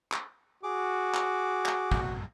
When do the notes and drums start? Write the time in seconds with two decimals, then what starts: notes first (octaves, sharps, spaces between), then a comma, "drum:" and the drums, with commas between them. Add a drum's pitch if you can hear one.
0.12 drum: clap
0.63 F#4 G#4 D6
1.15 drum: clap
1.66 drum: clap
1.91 drum: kick